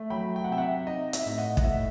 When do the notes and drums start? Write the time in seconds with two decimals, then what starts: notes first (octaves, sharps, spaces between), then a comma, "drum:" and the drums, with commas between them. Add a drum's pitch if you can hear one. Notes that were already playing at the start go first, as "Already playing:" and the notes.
Already playing: A3
0.10 F#3 G5 B5
0.36 G5
0.44 F#5
0.49 C3 E5 G5
0.58 F#5
0.61 E5
0.87 D#4 D#5
1.13 E5, drum: hi-hat
1.26 A2 E5
1.38 D#5 F#5
1.57 F#5, drum: kick
1.64 A2 E5